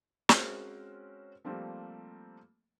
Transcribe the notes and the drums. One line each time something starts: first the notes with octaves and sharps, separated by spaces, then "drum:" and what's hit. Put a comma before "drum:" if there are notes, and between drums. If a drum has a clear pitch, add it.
G#3 C4 C#4 F#4 A#4 C5, drum: snare
F3 G3 A3 A#3 C4